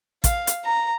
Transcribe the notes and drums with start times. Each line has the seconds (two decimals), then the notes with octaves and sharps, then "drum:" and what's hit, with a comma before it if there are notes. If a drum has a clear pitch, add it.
0.24 F5, drum: kick, hi-hat
0.47 drum: hi-hat
0.64 A#5